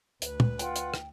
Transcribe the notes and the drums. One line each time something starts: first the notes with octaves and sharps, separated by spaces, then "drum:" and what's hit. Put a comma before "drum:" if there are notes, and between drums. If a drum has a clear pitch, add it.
D2 B4, drum: hi-hat
drum: tom
F4 F#5 G5, drum: hi-hat
drum: hi-hat
drum: rim click